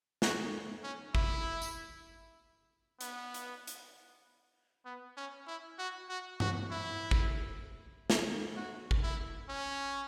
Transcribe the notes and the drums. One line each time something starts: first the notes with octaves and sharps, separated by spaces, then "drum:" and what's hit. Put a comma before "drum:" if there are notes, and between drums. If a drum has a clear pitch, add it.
F#4, drum: snare
C#4
E4, drum: kick G#1
drum: tambourine
B3, drum: hi-hat
drum: hi-hat
drum: hi-hat
B3
C#4
E4
F#4
F#4
F#4, drum: tom G2
E4
drum: kick G#1
drum: snare
F#4
drum: kick G#1
E4
C#4